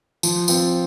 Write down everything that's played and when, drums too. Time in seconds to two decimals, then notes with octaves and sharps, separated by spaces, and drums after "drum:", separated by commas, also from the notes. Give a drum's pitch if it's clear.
0.23 F3, drum: tambourine
0.48 C4 F4, drum: tambourine